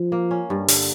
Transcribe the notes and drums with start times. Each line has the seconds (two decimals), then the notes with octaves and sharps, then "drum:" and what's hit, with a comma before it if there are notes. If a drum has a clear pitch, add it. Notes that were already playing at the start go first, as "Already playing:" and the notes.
Already playing: F3
0.12 A#3
0.31 C#4
0.50 G2
0.68 D3, drum: open hi-hat